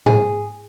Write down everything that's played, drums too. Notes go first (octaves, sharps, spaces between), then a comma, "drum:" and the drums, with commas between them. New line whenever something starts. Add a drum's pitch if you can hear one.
G#4, drum: tom G#2